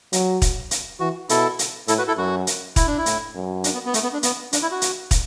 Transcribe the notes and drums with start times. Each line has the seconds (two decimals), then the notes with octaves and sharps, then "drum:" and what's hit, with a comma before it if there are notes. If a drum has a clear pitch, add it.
0.13 F#3, drum: hi-hat
0.42 drum: kick, hi-hat
0.71 drum: hi-hat
1.00 E3 F#4
1.29 B2 E4 A4, drum: hi-hat
1.59 drum: hi-hat
1.88 A2 E4 A4, drum: hi-hat
1.98 F#4 B4
2.08 E4 A4
2.18 F#2 F#4
2.47 drum: hi-hat
2.76 E4, drum: kick, hi-hat
2.87 D4
2.98 E4
3.06 A2, drum: hi-hat
3.35 F#2
3.64 D4, drum: hi-hat
3.74 B3
3.85 B3
3.94 A3, drum: hi-hat
4.03 B3
4.13 D4
4.23 B3, drum: hi-hat
4.53 D4, drum: hi-hat
4.62 E4
4.71 F#4
4.82 drum: hi-hat
5.11 drum: kick, hi-hat